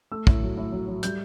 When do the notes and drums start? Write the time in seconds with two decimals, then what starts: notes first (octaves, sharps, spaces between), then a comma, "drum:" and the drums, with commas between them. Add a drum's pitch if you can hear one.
0.11 A3 E6
0.27 A2, drum: kick
0.42 F#3
0.57 A2
0.72 F#3
0.88 F#3
1.03 G3 G6, drum: hi-hat